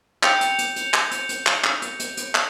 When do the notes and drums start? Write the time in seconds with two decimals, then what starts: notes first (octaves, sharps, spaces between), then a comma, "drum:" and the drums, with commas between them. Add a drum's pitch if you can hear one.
0.23 G5 G6 C#7 F7, drum: clap
0.41 drum: hi-hat
0.58 drum: hi-hat
0.76 drum: hi-hat
0.94 drum: clap
1.11 drum: hi-hat
1.29 drum: hi-hat
1.47 drum: clap
1.64 drum: clap
1.82 drum: hi-hat
1.99 drum: hi-hat
2.17 drum: hi-hat
2.35 drum: clap